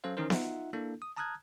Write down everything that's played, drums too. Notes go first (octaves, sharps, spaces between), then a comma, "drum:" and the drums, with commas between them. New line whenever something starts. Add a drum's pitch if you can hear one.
F#3 C#4 A4 C5 F5
D#3 E3 C#4 D#4 A#4 C5
D#4 F4 E5 F#5, drum: snare B3
A#3 D4 E4 A4
D#6
A5 A#5 D#6 F6 F#6 G#6